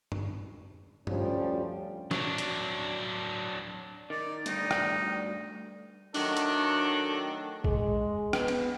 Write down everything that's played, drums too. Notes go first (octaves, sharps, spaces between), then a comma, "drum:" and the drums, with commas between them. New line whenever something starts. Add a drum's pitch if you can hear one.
drum: tom
D2 F3 G3 C#4, drum: tom
F#3 D4, drum: snare
drum: hi-hat
D#3 D5
D2 G2 D3 D#4, drum: hi-hat
drum: rim click
D#3 F#3 A3 D4 F#4 A4, drum: open hi-hat
drum: hi-hat
G#3, drum: kick
B3, drum: rim click
drum: cymbal